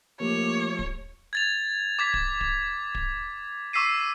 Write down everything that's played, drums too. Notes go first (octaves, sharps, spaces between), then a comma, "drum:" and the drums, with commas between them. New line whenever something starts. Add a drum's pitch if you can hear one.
F3 A3 A#3 G4 C#5
drum: kick D1
G#6 A6 F7
D6 G#6 B6
drum: kick D1
drum: kick D1
drum: kick D1
C#6 D6 E6 B6 C7 D#7